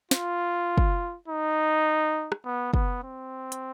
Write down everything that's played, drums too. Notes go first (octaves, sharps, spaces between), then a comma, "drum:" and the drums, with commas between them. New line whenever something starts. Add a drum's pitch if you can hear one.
F4, drum: snare
drum: kick
D#4
drum: rim click
B3
B3, drum: kick
C4
drum: hi-hat